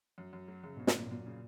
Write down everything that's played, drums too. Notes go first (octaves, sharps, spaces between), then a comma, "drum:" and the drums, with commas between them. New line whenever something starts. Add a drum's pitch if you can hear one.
F#2
F#2
F#3
F#2 C#3
B2
C#3
B2, drum: snare
F#2 A#2
B2
F#2 A#2
C#3